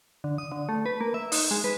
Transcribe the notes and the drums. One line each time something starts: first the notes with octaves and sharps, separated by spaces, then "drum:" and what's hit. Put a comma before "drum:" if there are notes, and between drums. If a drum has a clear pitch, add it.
D3
D#6
D3
A3
B4
A#3
E5
D#4, drum: open hi-hat
G#3
B4